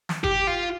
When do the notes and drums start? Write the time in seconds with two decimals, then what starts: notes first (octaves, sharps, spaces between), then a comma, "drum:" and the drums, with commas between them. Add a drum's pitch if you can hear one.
0.09 drum: snare
0.24 G4, drum: kick
0.47 F4